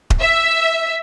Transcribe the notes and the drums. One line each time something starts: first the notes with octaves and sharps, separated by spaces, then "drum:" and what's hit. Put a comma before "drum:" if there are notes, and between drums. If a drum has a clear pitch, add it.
drum: kick D#1
E5